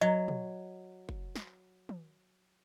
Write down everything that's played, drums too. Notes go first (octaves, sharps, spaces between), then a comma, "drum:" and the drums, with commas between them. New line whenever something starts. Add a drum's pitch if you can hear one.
F#3 D#5
drum: tom
drum: kick F#1
drum: snare
drum: tom